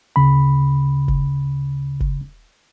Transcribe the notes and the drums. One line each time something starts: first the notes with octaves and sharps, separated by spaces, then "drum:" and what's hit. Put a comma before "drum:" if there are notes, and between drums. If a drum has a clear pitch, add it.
D2 C#3 B5
drum: kick F#1
drum: kick F#1